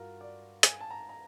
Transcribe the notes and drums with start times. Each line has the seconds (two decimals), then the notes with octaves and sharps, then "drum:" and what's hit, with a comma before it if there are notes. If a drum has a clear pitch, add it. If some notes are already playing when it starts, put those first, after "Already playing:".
Already playing: G2 F4 F#4 A#4
0.21 D5
0.63 G#5, drum: hi-hat
0.81 A5
0.91 A#5
1.09 A#5